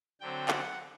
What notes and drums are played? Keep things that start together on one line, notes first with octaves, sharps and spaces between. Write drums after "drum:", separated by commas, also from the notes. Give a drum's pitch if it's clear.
D3 F#3 C4 G5
F#5, drum: clap